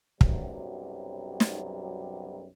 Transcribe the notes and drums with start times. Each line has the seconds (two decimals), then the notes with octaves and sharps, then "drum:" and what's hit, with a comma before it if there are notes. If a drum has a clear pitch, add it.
0.21 B1 F#2 C3 F#3 G3, drum: kick
1.40 drum: snare